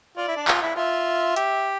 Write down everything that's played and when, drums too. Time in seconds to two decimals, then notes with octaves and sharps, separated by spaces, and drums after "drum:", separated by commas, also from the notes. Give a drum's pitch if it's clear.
0.17 F4 D5
0.28 E4
0.37 D4
0.48 F4, drum: clap
0.62 E4
0.76 F4 E5
1.36 G4, drum: hi-hat